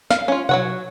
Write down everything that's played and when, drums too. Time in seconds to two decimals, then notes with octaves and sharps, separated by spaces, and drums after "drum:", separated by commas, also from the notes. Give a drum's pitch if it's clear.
0.11 F5, drum: snare
0.28 C#4 F4
0.49 F#3 C#5 F#5, drum: tom B2